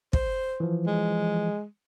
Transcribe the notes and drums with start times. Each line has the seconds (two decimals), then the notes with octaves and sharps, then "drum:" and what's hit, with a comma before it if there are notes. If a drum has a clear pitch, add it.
0.13 C5, drum: kick
0.60 E3 F3
0.87 G#3